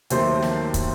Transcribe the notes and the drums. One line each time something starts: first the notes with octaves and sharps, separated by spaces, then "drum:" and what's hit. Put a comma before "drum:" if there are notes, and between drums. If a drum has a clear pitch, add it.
D#2 D#3 F#3 A3 C4 C5, drum: hi-hat
drum: snare
drum: kick, hi-hat